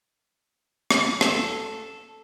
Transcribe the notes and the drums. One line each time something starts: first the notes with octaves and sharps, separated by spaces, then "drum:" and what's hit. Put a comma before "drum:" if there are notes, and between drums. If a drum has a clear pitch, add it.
drum: rim click
A4, drum: rim click